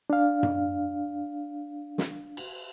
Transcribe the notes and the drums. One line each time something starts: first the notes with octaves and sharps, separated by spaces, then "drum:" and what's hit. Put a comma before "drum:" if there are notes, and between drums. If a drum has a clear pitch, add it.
D4 F5
drum: tom F#2
drum: snare
drum: cymbal